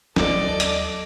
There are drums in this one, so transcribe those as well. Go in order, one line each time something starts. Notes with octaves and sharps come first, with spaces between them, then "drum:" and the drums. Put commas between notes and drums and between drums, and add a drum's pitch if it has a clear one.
D#2 F#3 A4 D5 D#5, drum: snare
drum: hi-hat